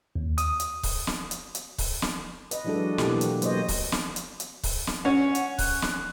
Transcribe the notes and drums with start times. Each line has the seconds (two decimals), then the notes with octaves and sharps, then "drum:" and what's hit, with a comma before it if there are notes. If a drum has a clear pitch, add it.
0.16 D#2
0.38 D#6, drum: hi-hat
0.60 drum: hi-hat
0.83 drum: kick C#1, open hi-hat
1.07 drum: snare
1.31 drum: hi-hat
1.55 drum: hi-hat
1.78 drum: kick C#1, open hi-hat
2.02 drum: snare
2.51 B4 D#5, drum: hi-hat
2.65 E3 F#3 G#3 D4 F#4 A4
2.98 B2 E3 F#3 A#3 G4 A4, drum: snare
3.21 drum: hi-hat
3.42 F#3 A#3 C5 C#5 D#5, drum: hi-hat
3.68 drum: kick C#1, open hi-hat
3.92 drum: snare
4.16 drum: hi-hat
4.40 drum: hi-hat
4.63 drum: kick C#1, open hi-hat
4.87 drum: snare
5.05 C#4 F#5
5.35 drum: hi-hat
5.59 F#6, drum: kick C#1, open hi-hat
5.82 drum: snare